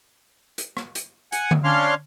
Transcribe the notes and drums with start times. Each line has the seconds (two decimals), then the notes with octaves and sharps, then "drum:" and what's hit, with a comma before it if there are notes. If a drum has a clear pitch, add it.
0.58 drum: hi-hat
0.77 drum: rim click
0.95 drum: hi-hat
1.32 F#5 G#5, drum: hi-hat
1.51 drum: tom D3
1.64 C#4 D4 C#5 F5 C6 F6